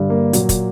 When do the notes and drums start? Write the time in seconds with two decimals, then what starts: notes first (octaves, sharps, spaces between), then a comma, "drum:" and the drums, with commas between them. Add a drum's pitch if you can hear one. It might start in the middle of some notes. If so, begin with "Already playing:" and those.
Already playing: G2 D3 G3
0.10 A#3
0.33 A#2 F#3, drum: hi-hat
0.49 drum: kick, hi-hat